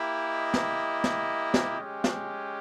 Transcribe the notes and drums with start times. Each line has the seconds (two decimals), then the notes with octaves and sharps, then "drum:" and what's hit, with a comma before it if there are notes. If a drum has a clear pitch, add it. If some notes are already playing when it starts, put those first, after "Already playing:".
Already playing: A#3 E4 G4
0.28 D#5
0.54 drum: snare
1.04 drum: snare
1.54 drum: snare
1.79 G#3 C#4 G4
2.04 drum: snare